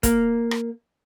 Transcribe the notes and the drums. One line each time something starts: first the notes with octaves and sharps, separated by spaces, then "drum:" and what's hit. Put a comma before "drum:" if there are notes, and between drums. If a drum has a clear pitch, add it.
A#3, drum: kick, hi-hat
drum: rim click